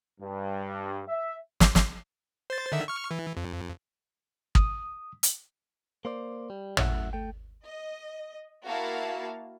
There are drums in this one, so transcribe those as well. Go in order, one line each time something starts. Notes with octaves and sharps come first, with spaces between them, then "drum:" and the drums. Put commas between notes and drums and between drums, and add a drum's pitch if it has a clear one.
G2
E5
drum: snare
drum: snare
C5 A6
D3 D#3 E5
C#6 F6
E3
F2
D#6, drum: kick
drum: hi-hat
A#3 C5 D5
G3
F#2 A2 E5 F#5, drum: tom
A3 G5
D#5
A#3 E4 F#4 F5 A5